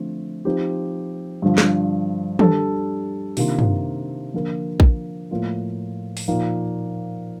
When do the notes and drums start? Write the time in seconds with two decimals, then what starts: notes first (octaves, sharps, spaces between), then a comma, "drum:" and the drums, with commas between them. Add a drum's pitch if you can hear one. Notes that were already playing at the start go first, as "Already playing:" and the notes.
Already playing: D3 F3 A3 C4
0.45 F3 C4 D#4 G4
1.42 G2 D3 F3
1.58 drum: snare
2.39 G3 D4 A4, drum: tom
3.37 C3 D#3 A#3 D4 F4, drum: open hi-hat
3.59 drum: tom
4.34 D3 F3 A#3 F4 A#4
4.80 drum: kick A#1
5.31 A2 F3 A#3 F4
6.17 drum: open hi-hat
6.28 A#2 F3 A#3 D#4